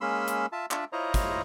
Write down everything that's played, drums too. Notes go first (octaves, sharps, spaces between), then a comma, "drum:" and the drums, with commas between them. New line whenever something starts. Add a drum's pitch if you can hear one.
G#3 A#3 C#4 B5 C6 E6
drum: hi-hat
F4 E5 A5
D4 F4 D5 E5, drum: clap
E4 F4 C5 C#5 D#5 A#5
drum: kick, hi-hat